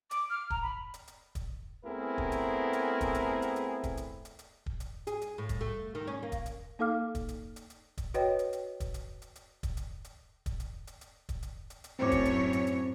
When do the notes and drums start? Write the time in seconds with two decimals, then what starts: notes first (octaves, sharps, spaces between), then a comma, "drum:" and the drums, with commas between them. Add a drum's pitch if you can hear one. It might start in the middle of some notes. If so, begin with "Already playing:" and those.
0.11 D6, drum: hi-hat
0.30 F6
0.50 A#5, drum: kick
0.62 B5
0.94 drum: hi-hat
1.08 drum: hi-hat
1.35 drum: kick, hi-hat
1.84 A3 B3 C4 E4 G#4 A#4
2.18 drum: kick
2.32 drum: hi-hat
2.73 drum: hi-hat
3.01 drum: kick, hi-hat
3.15 drum: hi-hat
3.42 drum: hi-hat
3.56 drum: hi-hat
3.84 drum: kick, hi-hat
3.97 drum: hi-hat
4.25 drum: hi-hat
4.39 drum: hi-hat
4.66 drum: kick
4.80 drum: hi-hat
5.07 G#4, drum: hi-hat
5.22 drum: hi-hat
5.38 A2
5.49 drum: kick, hi-hat
5.61 A3
5.95 D#3
6.07 C#4
6.23 A#3
6.32 drum: kick, hi-hat
6.46 drum: hi-hat
6.79 A#3 D#4 A4 F5 D6 F6
7.15 drum: kick, hi-hat
7.29 drum: hi-hat
7.56 drum: hi-hat
7.70 drum: hi-hat
7.98 drum: kick, hi-hat
8.14 F#4 B4 C#5 D#5 G5, drum: hi-hat
8.39 drum: hi-hat
8.53 drum: hi-hat
8.80 drum: kick, hi-hat
8.94 drum: hi-hat
9.22 drum: hi-hat
9.36 drum: hi-hat
9.63 drum: kick, hi-hat
9.77 drum: hi-hat
10.05 drum: hi-hat
10.46 drum: kick, hi-hat
10.60 drum: hi-hat
10.87 drum: hi-hat
11.01 drum: hi-hat
11.29 drum: kick, hi-hat
11.43 drum: hi-hat
11.70 drum: hi-hat
11.84 drum: hi-hat
11.99 F#2 A2 C4 C5 C#5 D6
12.12 drum: kick, hi-hat
12.25 drum: hi-hat
12.53 drum: hi-hat
12.67 drum: hi-hat